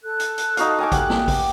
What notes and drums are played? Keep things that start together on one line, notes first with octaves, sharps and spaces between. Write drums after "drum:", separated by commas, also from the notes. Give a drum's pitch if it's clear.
A4 F#6
drum: hi-hat
drum: hi-hat
D#4 F#4 F5, drum: hi-hat
D#5 G#5 D6
G4 F#5, drum: kick A1, hi-hat
drum: snare
drum: kick A1, open hi-hat